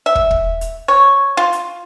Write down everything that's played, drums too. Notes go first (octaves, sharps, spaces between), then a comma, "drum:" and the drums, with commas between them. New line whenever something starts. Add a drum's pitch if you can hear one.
E5
drum: kick
drum: kick
drum: hi-hat
C#5
F4
drum: hi-hat